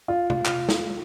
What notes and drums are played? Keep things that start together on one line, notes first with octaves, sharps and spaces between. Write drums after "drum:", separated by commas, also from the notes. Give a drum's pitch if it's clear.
F4
F4, drum: tom C3
drum: clap
drum: snare